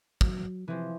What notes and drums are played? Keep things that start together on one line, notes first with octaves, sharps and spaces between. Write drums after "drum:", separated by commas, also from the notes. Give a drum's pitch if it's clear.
F#3, drum: kick
C3 E3 F3